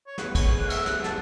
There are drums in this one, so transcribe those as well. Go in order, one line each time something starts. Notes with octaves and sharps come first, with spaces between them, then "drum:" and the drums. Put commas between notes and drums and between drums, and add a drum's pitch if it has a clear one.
C#5
A2 G#3 B3 B4, drum: snare
C#5, drum: kick, cymbal
F#5
E5, drum: cymbal
F#5, drum: snare
A5, drum: snare